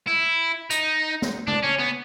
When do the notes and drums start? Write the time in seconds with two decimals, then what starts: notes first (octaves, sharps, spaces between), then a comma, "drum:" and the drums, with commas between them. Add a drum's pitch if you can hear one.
0.08 E4
0.70 D#4, drum: hi-hat
1.22 drum: snare
1.48 D4, drum: tom
1.63 C#4
1.79 B3